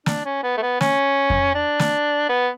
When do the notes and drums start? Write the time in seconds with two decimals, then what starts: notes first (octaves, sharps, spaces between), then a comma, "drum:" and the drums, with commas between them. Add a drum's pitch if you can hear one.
0.06 D4, drum: snare
0.25 C#4
0.43 B3
0.57 A3
0.62 B3
0.81 C#4, drum: snare
1.30 drum: kick F2
1.55 D4
1.79 drum: snare
2.29 B3